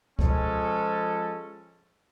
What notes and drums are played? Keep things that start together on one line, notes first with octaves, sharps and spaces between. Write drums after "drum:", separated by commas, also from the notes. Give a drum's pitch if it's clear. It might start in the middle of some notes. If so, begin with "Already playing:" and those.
F3 G#3 C#4 A4, drum: kick C#2